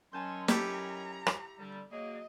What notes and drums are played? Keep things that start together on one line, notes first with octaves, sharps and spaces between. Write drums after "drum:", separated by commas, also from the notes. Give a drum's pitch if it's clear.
D#3 F#3 C#4 G#5 A5 C6 G6
E4 G4 A4 A#5, drum: snare
drum: rim click
D3 G3
F#3 A#3 G#4 D#5